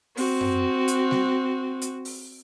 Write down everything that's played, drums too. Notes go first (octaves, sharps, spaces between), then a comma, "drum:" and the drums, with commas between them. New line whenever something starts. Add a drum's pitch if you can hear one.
C4 F#4, drum: open hi-hat
drum: tom F#2
drum: hi-hat
drum: snare G3
drum: hi-hat
drum: open hi-hat